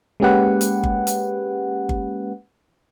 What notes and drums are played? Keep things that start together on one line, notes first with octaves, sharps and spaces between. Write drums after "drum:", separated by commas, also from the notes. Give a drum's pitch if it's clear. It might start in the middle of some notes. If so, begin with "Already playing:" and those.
G#3 A#3 C#4 G4 B4 F#5
drum: hi-hat
drum: kick G1
drum: hi-hat
drum: kick G1